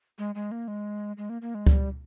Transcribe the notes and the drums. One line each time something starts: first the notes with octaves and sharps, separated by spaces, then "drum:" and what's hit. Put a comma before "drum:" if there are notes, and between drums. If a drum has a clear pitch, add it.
G#3
G#3
A#3
G#3
G#3
A#3
A#3
G#3
G3, drum: kick C#2